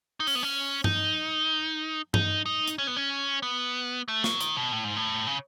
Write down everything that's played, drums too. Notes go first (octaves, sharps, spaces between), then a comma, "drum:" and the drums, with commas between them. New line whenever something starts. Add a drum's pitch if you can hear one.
D#4
C#4, drum: open hi-hat
B3
C#4
D#4, drum: tom G2
D#4, drum: tom G2
D#4
drum: hi-hat
C#4
B3
C#4
B3
A3
F#3, drum: snare
D#3, drum: hi-hat
B2
A2
G#2
A2
C#3